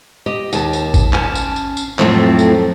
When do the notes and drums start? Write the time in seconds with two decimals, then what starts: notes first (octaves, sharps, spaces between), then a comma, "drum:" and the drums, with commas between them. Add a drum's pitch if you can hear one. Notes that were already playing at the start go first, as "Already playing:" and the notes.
0.26 G4 D#5
0.53 D#2 A5, drum: tambourine
0.73 drum: tambourine
0.94 drum: kick, tambourine
1.13 C#4 G#5 A5, drum: clap
1.35 drum: tambourine
1.56 drum: tambourine
1.77 drum: tambourine
1.99 F2 A2 F3 F#3 A3 C4, drum: clap
2.39 drum: tambourine